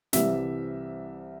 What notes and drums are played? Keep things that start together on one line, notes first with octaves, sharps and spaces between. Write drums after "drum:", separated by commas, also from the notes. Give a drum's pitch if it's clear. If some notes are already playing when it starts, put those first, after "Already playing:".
C2 C3 E3 G3 E5, drum: snare